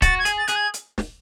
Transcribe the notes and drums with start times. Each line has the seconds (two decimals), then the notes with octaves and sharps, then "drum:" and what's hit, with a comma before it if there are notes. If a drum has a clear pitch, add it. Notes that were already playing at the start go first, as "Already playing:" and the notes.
0.02 F#4 A6, drum: kick, hi-hat
0.19 G#6
0.25 G#4, drum: hi-hat
0.38 A6
0.48 G#4 F#6, drum: hi-hat
0.56 G#6
0.74 drum: hi-hat
0.98 drum: snare